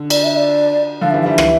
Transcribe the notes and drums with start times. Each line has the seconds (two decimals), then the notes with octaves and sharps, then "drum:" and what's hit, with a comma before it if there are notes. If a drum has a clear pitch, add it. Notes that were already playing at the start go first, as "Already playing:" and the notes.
Already playing: D3
0.10 D5, drum: cymbal
0.24 E5
0.36 D5
1.01 D3 F3 F5
1.11 E5
1.14 E3 G3
1.22 F5
1.26 E3 G3 E5
1.38 E3 G3, drum: rim click